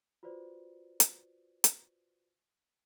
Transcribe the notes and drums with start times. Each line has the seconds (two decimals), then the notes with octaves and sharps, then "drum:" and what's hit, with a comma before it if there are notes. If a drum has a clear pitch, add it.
0.23 F4 F#4 B4 C5 D5
1.00 drum: hi-hat
1.64 drum: hi-hat